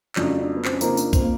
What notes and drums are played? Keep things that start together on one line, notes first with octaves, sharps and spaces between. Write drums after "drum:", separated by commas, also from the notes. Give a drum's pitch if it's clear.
F2 C#3 F#3 A3 C#4 D4, drum: clap
D#4
D4
B3
C4, drum: clap
C#4
C#3 F3 A#3 C4 D#4, drum: tambourine
D4, drum: tambourine
C4, drum: kick B1, tambourine
A#3